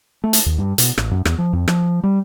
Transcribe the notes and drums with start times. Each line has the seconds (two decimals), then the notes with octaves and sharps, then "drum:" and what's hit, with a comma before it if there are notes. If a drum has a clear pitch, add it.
0.24 A3
0.33 drum: hi-hat
0.46 D#2
0.58 G2
0.78 B2, drum: hi-hat
0.98 A1, drum: rim click
1.11 F#2
1.25 E2, drum: rim click
1.38 F3
1.53 F2
1.68 F3, drum: rim click
2.04 G3